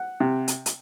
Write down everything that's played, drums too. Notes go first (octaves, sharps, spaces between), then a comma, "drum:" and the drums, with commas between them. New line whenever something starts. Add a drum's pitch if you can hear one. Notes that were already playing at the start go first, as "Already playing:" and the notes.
Already playing: F#5
C3
drum: hi-hat
drum: hi-hat